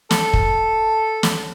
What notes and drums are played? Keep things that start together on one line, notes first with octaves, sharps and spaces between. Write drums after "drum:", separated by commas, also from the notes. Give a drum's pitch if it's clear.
A4, drum: snare
drum: kick
drum: snare